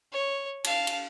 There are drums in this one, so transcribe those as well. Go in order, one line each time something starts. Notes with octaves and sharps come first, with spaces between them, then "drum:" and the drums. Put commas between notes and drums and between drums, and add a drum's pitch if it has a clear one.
C#5
F5 A5, drum: cymbal
drum: cymbal